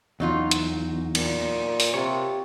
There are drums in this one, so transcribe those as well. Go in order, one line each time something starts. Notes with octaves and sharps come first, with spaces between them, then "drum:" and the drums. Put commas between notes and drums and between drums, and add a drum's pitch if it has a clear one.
E2 F#3 D#4 F4
drum: hi-hat
A#2, drum: cymbal
drum: open hi-hat
C3 F4 C#5